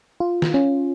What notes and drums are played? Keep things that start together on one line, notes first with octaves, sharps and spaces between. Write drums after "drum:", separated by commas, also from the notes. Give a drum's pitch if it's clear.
F4
drum: snare
C#4